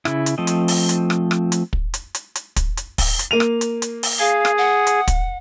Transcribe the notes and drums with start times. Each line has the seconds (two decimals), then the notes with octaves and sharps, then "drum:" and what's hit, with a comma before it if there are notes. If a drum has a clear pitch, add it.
0.05 C#3 E4, drum: rim click
0.26 drum: hi-hat
0.38 F3 A3 C4 D#5
0.47 drum: hi-hat
0.68 drum: open hi-hat
0.89 drum: hi-hat
1.10 drum: rim click
1.31 drum: rim click
1.52 drum: hi-hat
1.73 drum: kick
1.94 drum: hi-hat
2.15 drum: hi-hat
2.35 drum: hi-hat
2.56 drum: kick, hi-hat
2.77 drum: hi-hat
2.98 drum: kick, open hi-hat
3.19 drum: hi-hat
3.31 A#3 D#7 F7
3.40 drum: rim click
3.61 drum: hi-hat
3.82 drum: hi-hat
4.03 drum: open hi-hat
4.19 G#4 F5
4.45 drum: rim click
4.58 F#5
4.87 drum: hi-hat
5.08 drum: kick, hi-hat